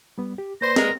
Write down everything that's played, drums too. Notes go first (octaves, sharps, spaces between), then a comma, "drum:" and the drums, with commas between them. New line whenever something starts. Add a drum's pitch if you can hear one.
G3 B3
G4
A#3 B4 C5 D5 A#6
G#3 A#4, drum: snare